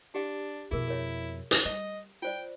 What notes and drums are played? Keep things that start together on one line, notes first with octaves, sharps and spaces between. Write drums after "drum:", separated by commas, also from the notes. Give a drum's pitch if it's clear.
D4 G4 F5
F2 B2 E4 G#4 A#4
A#4 C#5 E5
drum: hi-hat
G3 D#5
F4 C5 D5 G5